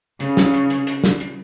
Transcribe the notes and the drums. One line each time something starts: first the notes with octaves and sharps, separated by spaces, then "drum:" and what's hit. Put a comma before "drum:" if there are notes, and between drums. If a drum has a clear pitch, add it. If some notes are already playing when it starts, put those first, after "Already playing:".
C#3, drum: hi-hat
drum: snare
drum: hi-hat
drum: hi-hat
drum: hi-hat
drum: snare
drum: hi-hat